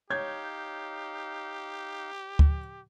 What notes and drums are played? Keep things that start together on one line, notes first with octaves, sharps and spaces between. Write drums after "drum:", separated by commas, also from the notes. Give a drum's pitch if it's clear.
D#4 G4 C#5 F5 G6 G#6
drum: kick